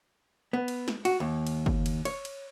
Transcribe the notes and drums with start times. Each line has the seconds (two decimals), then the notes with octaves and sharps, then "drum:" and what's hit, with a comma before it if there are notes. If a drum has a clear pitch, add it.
0.53 B3
0.68 drum: cymbal
0.88 drum: snare
1.05 F#4, drum: cymbal
1.20 D#2
1.47 drum: cymbal
1.66 drum: kick
1.86 drum: cymbal
2.05 C#5, drum: cymbal
2.25 drum: cymbal